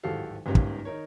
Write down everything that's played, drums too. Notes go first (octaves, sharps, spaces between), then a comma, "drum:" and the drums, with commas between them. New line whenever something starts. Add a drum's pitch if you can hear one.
D1 G#1 F#4 G4 A4 F5
G1 G#2 A#3 C#4 G4
drum: kick
D#3 D#4 A#4 C#5